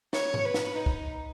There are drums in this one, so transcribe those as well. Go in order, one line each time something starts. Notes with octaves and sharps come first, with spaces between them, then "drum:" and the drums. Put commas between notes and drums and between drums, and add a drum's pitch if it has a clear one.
C#5, drum: snare
drum: tom G#2
B4
drum: snare
D#4
drum: kick